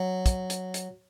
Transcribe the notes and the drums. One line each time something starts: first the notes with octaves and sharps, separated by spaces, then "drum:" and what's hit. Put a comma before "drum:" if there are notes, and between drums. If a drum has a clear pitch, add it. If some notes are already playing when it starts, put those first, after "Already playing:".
Already playing: F#3
drum: kick, hi-hat
drum: hi-hat
drum: hi-hat